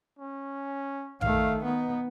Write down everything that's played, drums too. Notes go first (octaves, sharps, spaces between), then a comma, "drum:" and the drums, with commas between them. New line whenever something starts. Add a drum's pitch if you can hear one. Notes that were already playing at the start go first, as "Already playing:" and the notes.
C#4
D#3 A3 F5, drum: tom A#1
B3 D#4